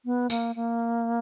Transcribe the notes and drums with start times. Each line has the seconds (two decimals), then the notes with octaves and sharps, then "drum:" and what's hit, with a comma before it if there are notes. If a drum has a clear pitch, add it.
0.05 B3
0.30 A#3, drum: tambourine
0.55 A#3